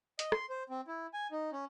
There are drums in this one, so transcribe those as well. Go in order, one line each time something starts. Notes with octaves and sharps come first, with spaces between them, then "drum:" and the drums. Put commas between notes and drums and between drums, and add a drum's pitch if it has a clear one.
D#5, drum: hi-hat
C6, drum: rim click
C5
C4
E4
G#5
D#4
C#4